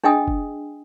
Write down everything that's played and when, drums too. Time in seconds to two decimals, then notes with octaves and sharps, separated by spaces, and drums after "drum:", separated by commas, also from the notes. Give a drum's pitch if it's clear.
0.04 D4 G#4 D#5 G5 G#5 D#6
0.28 drum: kick